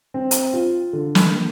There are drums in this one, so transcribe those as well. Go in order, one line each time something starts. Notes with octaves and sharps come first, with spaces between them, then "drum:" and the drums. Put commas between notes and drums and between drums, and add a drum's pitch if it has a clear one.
C4
drum: hi-hat
F4
D3
drum: snare
A#3